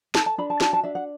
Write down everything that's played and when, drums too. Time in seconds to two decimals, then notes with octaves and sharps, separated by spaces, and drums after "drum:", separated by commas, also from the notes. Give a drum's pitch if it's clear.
0.15 A4 A5, drum: snare
0.26 A5
0.38 D4 B5
0.50 A5
0.61 F#4 A5, drum: snare
0.73 A5
0.83 D4 E5
0.95 F#5